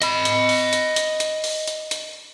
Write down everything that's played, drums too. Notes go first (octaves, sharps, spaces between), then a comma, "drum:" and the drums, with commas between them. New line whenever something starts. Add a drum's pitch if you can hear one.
D#5 B5, drum: hi-hat
drum: hi-hat
drum: open hi-hat
drum: hi-hat
drum: hi-hat
drum: hi-hat
drum: open hi-hat
drum: hi-hat
drum: hi-hat